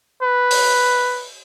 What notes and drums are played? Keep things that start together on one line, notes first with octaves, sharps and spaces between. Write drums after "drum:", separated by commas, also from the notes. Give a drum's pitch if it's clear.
B4
drum: open hi-hat